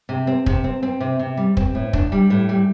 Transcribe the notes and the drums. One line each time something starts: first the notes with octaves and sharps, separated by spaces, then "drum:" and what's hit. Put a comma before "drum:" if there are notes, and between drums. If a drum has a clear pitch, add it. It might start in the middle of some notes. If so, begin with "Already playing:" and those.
C3
C4
C3, drum: kick
C4
C4
C3
C3
G3
C4, drum: kick
A2
D4, drum: kick
G3
A2
G3